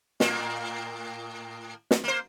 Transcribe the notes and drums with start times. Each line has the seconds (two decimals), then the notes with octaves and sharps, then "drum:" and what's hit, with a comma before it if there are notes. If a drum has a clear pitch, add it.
0.20 A2 A#3, drum: snare
1.91 drum: snare
2.04 A#3 C5